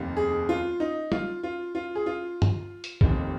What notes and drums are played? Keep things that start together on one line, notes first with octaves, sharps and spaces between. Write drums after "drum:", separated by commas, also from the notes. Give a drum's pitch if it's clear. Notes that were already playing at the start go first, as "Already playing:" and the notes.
Already playing: F1 D#2 D#3
G#4
F4
D#4
F4, drum: tom
F4
F4
G#4
F4
drum: tom G2
drum: hi-hat
F1 D#2 D#3, drum: kick A1